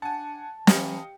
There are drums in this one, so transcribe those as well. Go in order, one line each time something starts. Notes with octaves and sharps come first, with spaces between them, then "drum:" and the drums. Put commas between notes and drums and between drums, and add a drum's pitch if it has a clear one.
D4 F#5 G#5 A5
E3 G4 D#5 F5 C#7, drum: snare